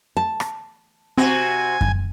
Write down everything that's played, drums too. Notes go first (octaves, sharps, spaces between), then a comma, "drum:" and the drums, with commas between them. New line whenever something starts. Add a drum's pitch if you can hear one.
A5
drum: rim click
C3 C4 F#4 G#5
drum: kick F#2